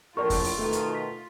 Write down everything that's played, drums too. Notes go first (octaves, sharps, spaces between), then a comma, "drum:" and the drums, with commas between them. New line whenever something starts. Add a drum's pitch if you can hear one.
A#1 A2 F4 A#4 D5 C#6
drum: kick E2, open hi-hat
drum: open hi-hat
B2 D#3 A3
drum: hi-hat
B6